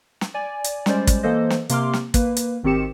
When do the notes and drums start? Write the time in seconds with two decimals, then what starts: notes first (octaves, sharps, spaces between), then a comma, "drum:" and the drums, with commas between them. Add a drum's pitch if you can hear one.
0.21 drum: snare
0.34 D5 G#5
0.64 drum: hi-hat
0.86 G3 G#3 C#4 C5 D5, drum: snare
1.07 drum: kick, hi-hat
1.23 E3 A#3 A4 C5 D#5
1.50 drum: snare
1.69 C3 A#3 C6 D6 F6, drum: hi-hat
1.93 drum: snare
2.14 A#3 B4, drum: kick, hi-hat
2.36 drum: hi-hat
2.63 G#1 D#3 C4 G4 C#7 E7